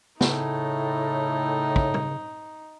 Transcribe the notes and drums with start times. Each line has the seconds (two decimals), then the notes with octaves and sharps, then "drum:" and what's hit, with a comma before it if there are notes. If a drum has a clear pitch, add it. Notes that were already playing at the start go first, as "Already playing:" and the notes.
0.21 A2 C#3 D#4, drum: snare
1.76 drum: kick
1.94 drum: tom